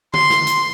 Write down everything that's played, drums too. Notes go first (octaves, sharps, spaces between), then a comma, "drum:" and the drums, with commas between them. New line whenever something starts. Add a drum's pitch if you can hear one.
C6, drum: tom D3
drum: snare
drum: hi-hat